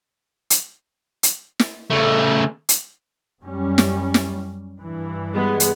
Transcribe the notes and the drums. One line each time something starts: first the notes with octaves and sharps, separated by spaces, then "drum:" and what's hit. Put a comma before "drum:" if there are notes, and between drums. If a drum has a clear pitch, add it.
drum: hi-hat
drum: hi-hat
drum: snare
C#3 A3
drum: hi-hat
F#2 G3 C#4
drum: snare
drum: snare
G2 E3
G3 G#3 B3
drum: hi-hat